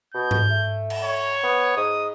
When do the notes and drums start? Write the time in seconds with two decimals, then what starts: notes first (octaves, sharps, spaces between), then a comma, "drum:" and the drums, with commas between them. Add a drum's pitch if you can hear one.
0.14 B2 G6
0.31 drum: tom G#2
0.50 A3
0.90 drum: cymbal
1.03 C#5
1.44 B3
1.77 G#2 D#6